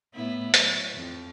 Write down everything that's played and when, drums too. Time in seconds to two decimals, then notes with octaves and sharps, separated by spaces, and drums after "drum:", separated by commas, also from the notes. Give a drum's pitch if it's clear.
0.14 A2 B3 E4
0.54 F#3, drum: hi-hat
0.94 F2